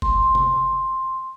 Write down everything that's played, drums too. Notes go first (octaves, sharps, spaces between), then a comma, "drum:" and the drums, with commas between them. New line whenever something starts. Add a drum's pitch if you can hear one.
C6, drum: kick
drum: tom C3